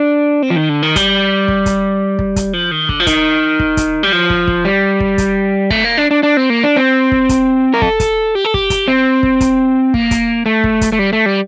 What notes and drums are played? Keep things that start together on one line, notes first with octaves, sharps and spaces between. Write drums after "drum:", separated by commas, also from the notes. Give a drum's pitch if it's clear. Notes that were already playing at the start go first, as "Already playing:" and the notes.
Already playing: D4
C4
F3
D#3
D3
D#3
G3, drum: kick, hi-hat
drum: kick
drum: kick, hi-hat
drum: kick
drum: kick, hi-hat
F3
D#3
D3, drum: kick
F3
D#3, drum: kick, hi-hat
drum: kick
drum: kick, hi-hat
G3
F3
drum: kick
drum: kick
G3
drum: kick
drum: kick, hi-hat
A3, drum: kick
A#3
D4
D4
D4
C4
A#3
D4
C4
drum: kick
drum: kick, hi-hat
A#4
A4, drum: kick
drum: kick, hi-hat
G4
A4
G4, drum: kick
drum: kick, hi-hat
C4
drum: kick
drum: kick, hi-hat
A#3, drum: kick
drum: kick, hi-hat
A3
drum: kick
drum: kick, hi-hat
A3
G3
A3
G3